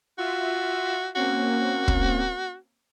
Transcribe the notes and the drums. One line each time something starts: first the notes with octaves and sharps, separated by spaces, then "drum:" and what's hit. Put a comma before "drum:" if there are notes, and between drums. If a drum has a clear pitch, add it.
F4 F#4 E5
A#3 C4 C#4 F#4
drum: kick